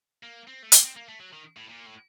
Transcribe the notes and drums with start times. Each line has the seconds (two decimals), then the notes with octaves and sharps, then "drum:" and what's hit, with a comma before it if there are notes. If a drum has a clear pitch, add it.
0.23 A#3
0.48 C4
0.63 A3
0.72 A#3, drum: hi-hat
0.84 C4
0.96 A#3
1.09 A3
1.20 F#3
1.33 D#3
1.57 A2
1.69 A#2
1.86 A2